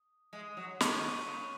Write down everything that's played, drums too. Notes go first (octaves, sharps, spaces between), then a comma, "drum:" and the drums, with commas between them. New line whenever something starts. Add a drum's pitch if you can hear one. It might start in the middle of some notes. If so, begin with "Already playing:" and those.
Already playing: D#6
G#3
F#3
D#3 C#6 F#6 D#7 F#7, drum: snare
A#2
C#3